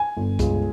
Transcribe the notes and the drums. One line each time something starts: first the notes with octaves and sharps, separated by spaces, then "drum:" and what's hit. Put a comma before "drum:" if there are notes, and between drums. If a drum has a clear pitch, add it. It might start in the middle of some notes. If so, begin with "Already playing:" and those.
Already playing: G#5
G1
C#2, drum: kick, hi-hat